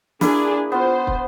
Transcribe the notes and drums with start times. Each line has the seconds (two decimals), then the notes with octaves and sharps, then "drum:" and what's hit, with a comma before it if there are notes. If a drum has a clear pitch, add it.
0.21 A#3 D4 E4 G#4, drum: snare
0.72 B3 F4 C5
1.07 drum: kick